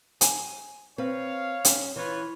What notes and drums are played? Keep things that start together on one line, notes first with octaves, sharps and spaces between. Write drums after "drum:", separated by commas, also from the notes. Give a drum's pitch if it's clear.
G#5, drum: hi-hat
C4 B4 C#5 F5
C#4, drum: hi-hat
E3 F4 B4 C#5